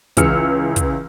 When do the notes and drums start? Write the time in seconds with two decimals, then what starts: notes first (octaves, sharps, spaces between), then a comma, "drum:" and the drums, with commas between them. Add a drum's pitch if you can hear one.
0.17 C#2 E3 G#4 E6 F6 C#7, drum: kick, hi-hat
0.76 drum: kick, hi-hat